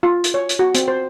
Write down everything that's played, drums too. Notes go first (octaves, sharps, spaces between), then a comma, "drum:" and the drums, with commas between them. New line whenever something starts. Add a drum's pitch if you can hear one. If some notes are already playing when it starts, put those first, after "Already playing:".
F4
drum: hi-hat
C#5
drum: hi-hat
F#4
C4, drum: hi-hat
C5